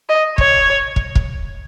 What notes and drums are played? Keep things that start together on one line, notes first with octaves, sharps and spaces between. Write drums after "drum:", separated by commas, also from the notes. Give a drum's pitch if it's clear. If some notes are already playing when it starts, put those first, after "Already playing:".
D#5
C#5, drum: kick
drum: kick
drum: kick